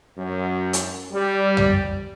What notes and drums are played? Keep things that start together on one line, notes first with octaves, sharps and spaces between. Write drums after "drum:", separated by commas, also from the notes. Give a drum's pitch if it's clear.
F#2
drum: hi-hat
G3
drum: tom